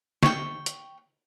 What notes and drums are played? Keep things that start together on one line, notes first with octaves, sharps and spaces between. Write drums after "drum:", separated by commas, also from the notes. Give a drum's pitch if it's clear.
G5 C#6, drum: snare
drum: hi-hat